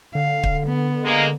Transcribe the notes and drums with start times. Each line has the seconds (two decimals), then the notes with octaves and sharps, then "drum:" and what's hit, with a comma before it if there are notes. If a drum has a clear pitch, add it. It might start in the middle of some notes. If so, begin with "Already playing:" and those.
0.15 D3 F5
0.43 drum: kick
0.67 B3
1.04 G#3 A#3